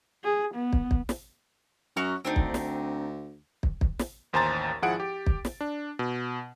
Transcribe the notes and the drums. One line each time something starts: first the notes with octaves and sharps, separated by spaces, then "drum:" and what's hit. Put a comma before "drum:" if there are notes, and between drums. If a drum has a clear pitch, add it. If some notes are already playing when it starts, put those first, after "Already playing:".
G#4
B3
drum: kick
drum: kick
drum: snare
F#2 F#4 A#5 F6
D2 C4 D4 D#4
drum: kick
drum: snare
drum: kick
drum: kick
drum: snare
A1 D#2 C5 G#5 A#5 A6
G#1 F3 E4 G#4 F#5 D7
G4
drum: kick
drum: snare
D4
B2